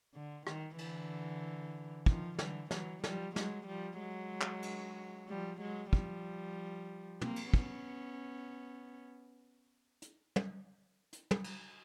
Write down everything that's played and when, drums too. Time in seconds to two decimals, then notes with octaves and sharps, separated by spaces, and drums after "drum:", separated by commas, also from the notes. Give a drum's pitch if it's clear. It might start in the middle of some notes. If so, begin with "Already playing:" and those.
0.15 D3
0.47 D#3, drum: rim click
0.78 D3 E3, drum: cymbal
2.06 D#3 F3, drum: kick
2.39 D3 E3, drum: snare
2.71 E3 F#3, drum: snare
3.04 F3 G3, drum: snare
3.36 F#3 G#3, drum: snare
3.67 F3 G3
3.99 F#3 G#3
4.41 drum: clap
4.63 drum: cymbal
5.29 F3 G3
5.61 F#3 G#3
5.93 F3 G3, drum: kick
7.21 A#3 C4, drum: tom
7.36 drum: cymbal
7.54 B3 C#4, drum: kick
10.02 drum: hi-hat
10.36 drum: tom
11.13 drum: hi-hat
11.31 drum: tom
11.44 drum: cymbal